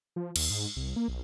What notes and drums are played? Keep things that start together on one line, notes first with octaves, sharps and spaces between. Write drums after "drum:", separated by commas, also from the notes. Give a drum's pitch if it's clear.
F3
D#2, drum: cymbal
G#2
C2
A#3
B1